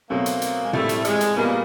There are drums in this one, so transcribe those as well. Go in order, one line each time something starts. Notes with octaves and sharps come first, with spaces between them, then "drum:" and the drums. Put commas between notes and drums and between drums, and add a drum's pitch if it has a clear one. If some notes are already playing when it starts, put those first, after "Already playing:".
B2 F#3 A3 A#3 C4
drum: hi-hat
drum: hi-hat
G#3
A2 E3 G3 A3 C4 E4, drum: tom
drum: hi-hat
G#3, drum: hi-hat
drum: hi-hat
A#2 G3 A#3 B3